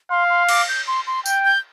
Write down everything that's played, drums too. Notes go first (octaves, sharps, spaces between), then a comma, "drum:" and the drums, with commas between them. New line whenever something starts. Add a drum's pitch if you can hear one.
F5 C6
C6
D6, drum: cymbal
G6
C6
C6
G5 G6, drum: tambourine
G6